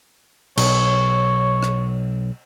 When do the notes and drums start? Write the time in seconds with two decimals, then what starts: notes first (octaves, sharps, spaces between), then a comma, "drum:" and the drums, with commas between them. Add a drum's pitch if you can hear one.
0.57 B1 C#5, drum: cymbal
1.63 drum: rim click